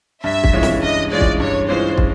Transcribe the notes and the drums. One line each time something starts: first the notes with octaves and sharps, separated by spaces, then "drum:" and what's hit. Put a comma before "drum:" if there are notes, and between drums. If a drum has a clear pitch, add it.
G2 E5
drum: kick
E3 G#3 C#4 F4
drum: snare
G2 D#5
E3 G#3 C#4 F4 D5
drum: kick
G2 C#5
E3 G#3 C#4 F4 C5
drum: kick